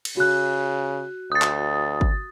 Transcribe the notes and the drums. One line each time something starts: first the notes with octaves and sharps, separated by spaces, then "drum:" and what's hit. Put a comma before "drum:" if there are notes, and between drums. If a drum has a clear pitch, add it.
drum: cymbal
C#3 F#4 F#6
D2 D#6 A6
drum: clap
drum: kick